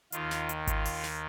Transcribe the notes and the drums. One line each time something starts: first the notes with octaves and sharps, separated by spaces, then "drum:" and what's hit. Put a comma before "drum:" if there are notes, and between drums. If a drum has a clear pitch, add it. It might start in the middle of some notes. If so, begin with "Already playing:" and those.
D#2 D#3 F4, drum: hi-hat
drum: snare
drum: hi-hat
F4, drum: kick G#1, hi-hat
drum: open hi-hat
drum: snare